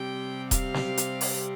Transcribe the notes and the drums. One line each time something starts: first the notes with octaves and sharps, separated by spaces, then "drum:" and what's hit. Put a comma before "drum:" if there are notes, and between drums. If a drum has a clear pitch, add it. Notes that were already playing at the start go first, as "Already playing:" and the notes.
Already playing: C3 G3 C4 G5
F5, drum: kick D#1, hi-hat
drum: snare
drum: hi-hat
drum: open hi-hat